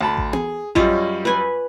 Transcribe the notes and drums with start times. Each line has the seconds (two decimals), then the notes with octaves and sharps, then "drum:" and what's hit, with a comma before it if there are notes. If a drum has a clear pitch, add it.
0.01 D2 A5 B5
0.17 drum: kick A1
0.33 G#4, drum: tom B3
0.75 F#2 G3 F4 C#5 D#5, drum: kick A1
1.25 B4 G#5